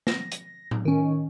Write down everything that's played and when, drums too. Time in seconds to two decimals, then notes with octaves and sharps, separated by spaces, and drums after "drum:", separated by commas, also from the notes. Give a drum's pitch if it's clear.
0.07 A#6, drum: snare
0.32 drum: hi-hat
0.71 drum: tom A2
0.85 D#3 C#4